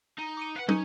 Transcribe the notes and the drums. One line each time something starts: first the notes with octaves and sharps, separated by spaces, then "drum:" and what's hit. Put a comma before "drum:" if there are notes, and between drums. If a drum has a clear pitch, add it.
D#4
D6 C#7 D#7
B4 F5 F#5
C#4 D#4, drum: tom